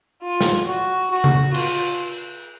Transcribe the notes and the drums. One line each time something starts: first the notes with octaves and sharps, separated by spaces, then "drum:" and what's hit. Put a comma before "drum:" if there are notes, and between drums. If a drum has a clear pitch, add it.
F4
drum: snare
F#4
F#4
drum: tom C#3
F4, drum: cymbal